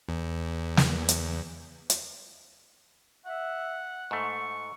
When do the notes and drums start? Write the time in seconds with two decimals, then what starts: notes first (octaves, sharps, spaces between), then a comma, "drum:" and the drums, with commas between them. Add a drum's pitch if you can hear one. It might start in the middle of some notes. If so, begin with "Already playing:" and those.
0.09 E2
0.77 drum: snare
1.09 drum: hi-hat
1.90 drum: hi-hat
3.26 E5 F#5
4.11 G#2 A3 C#6